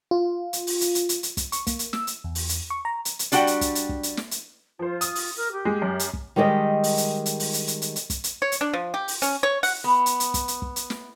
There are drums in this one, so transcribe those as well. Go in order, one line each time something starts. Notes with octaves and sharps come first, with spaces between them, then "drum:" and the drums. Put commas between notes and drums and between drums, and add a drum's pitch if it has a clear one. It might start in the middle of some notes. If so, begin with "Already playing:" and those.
F4
drum: hi-hat
drum: open hi-hat
drum: hi-hat
drum: hi-hat
drum: hi-hat
drum: hi-hat
drum: kick, hi-hat
C#6, drum: hi-hat
A#3, drum: kick, hi-hat
drum: hi-hat
E6, drum: snare
drum: hi-hat
E2
drum: open hi-hat
drum: hi-hat
C#6
A#5
drum: hi-hat
drum: hi-hat
G3 D4 F#4 F#5 G5, drum: hi-hat
drum: hi-hat
drum: kick, hi-hat
drum: hi-hat
drum: kick
drum: hi-hat
drum: snare
drum: hi-hat
F3 F4 C5
D#6, drum: hi-hat
drum: open hi-hat
A#4
G4
G#3
F#2
drum: hi-hat
drum: kick
D#3 G3 G#3 A#4 C#5 D#5
drum: open hi-hat
drum: hi-hat
drum: hi-hat
drum: open hi-hat
drum: hi-hat
drum: hi-hat
drum: hi-hat
drum: hi-hat
drum: kick, hi-hat
drum: hi-hat
C#5
drum: hi-hat
D4
F3
G4
drum: open hi-hat
C#4, drum: hi-hat
C#5
F#5, drum: open hi-hat
B3
drum: hi-hat
drum: hi-hat
drum: kick, hi-hat
drum: hi-hat
drum: kick
drum: hi-hat
drum: snare